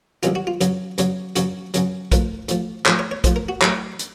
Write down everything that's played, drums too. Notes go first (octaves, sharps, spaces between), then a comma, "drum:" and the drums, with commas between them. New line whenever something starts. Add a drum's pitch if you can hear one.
C2 C3 D#3 F#3 F4, drum: hi-hat
F#4
F4
F#2 C#3 F#3, drum: hi-hat
F#2 C#3 F#3, drum: hi-hat
F#2 C#3 F#3 F#4, drum: hi-hat
F#2 C#3 F#3, drum: hi-hat
A2 F3 A#4, drum: kick, hi-hat
A2 F3, drum: hi-hat
A2 F3 C#5, drum: clap
C#5
C#5
A2 F3 C5, drum: kick, hi-hat
A#4
F#4
A2 F#3, drum: clap
drum: hi-hat